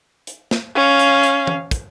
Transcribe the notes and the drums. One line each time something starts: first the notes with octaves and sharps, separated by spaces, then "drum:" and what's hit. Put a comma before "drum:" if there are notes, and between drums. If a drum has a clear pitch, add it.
drum: hi-hat
drum: snare
C#4 F5
drum: hi-hat
drum: hi-hat
drum: tom E3
drum: kick, hi-hat